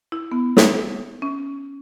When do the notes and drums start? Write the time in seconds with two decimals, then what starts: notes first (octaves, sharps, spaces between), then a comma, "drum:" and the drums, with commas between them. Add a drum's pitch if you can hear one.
0.12 E4
0.32 B3
0.57 D#4, drum: snare
1.22 C#4